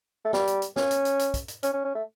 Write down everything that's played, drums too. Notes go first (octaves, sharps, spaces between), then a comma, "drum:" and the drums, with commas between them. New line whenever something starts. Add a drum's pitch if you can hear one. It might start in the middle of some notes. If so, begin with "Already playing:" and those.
A3
G3, drum: snare
drum: hi-hat
drum: hi-hat
C#4, drum: snare
drum: hi-hat
drum: hi-hat
drum: hi-hat
drum: kick, hi-hat
drum: hi-hat
C#4, drum: hi-hat
C#4
C#4
A3